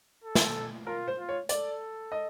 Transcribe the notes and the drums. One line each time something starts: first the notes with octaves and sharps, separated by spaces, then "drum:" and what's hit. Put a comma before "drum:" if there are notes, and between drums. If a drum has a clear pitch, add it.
A4
drum: snare
F4 A#4
C5
F4
C#5
A4 D5, drum: hi-hat
D#5